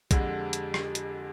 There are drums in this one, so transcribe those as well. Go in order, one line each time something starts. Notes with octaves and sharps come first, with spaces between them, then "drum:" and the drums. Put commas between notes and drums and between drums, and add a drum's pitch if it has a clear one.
F2 D3 G#3 G4, drum: kick, hi-hat
drum: hi-hat
drum: rim click
drum: hi-hat